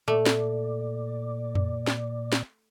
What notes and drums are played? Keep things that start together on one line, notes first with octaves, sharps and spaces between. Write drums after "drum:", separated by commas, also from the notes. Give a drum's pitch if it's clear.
A#2 A3 D5
drum: snare
drum: tom F2
drum: snare
drum: snare